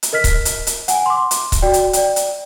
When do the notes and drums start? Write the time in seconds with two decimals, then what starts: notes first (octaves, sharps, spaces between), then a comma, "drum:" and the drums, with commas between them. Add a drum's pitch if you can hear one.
0.03 drum: hi-hat
0.13 A#4 D#5 F6 B6
0.24 drum: kick C#1, hi-hat
0.45 drum: hi-hat
0.67 drum: hi-hat
0.88 F#5 G#5, drum: hi-hat
1.06 C6 D6
1.31 drum: hi-hat
1.52 drum: kick C#1, hi-hat
1.62 F#4 D5 G5
1.73 drum: hi-hat
1.93 D5 G5, drum: hi-hat
2.16 drum: hi-hat